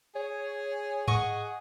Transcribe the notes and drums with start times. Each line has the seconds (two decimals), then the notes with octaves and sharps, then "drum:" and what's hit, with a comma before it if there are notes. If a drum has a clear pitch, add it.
0.15 G#4 C#5
1.08 G#4 D#5 F#5 C#6, drum: tom G#2